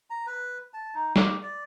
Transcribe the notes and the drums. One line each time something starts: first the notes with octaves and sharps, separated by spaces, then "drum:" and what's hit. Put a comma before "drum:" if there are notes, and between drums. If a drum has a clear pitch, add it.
A#5
B4
A5
D#4
G4, drum: snare
D5